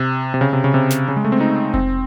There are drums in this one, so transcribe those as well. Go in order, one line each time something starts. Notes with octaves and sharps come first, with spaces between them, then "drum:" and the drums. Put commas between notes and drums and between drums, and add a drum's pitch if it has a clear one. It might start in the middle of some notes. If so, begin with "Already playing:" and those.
Already playing: C3
C3
C#3
C3
C#3
C3
drum: snare
C#3
G#3
A3
C4
D#4
C4, drum: kick F1